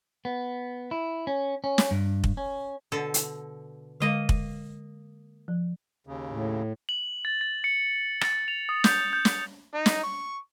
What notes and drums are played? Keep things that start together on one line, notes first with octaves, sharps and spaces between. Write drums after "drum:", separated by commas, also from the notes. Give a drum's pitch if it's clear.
B3
E4
C#4
C#4
drum: snare
G2
drum: kick
C#4
B2 D3 A4
drum: hi-hat
D3 G#3 A#3 D#5 F5
drum: kick
F3
D#2 C#3
A2
F#7
A6
A6
C#7
A6, drum: rim click
F7
D#6
G6, drum: snare
G6
drum: snare
D#4
drum: snare
C#6